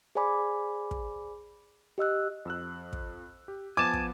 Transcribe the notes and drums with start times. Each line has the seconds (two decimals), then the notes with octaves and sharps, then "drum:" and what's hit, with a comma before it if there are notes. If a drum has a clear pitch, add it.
0.15 G#4 C5 D5 G#5 B5 D6
0.91 drum: kick
1.98 G4 D#5 E6 F#6
2.45 F2 E6 F#6
2.93 drum: kick
3.48 G4
3.77 F3 B3 G#5 A5 D6
3.93 drum: kick